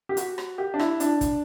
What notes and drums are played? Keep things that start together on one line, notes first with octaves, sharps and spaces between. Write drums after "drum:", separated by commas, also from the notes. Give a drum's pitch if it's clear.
G4
F#4, drum: hi-hat
drum: rim click
G4
D4
E4, drum: rim click
D4, drum: hi-hat
drum: kick, hi-hat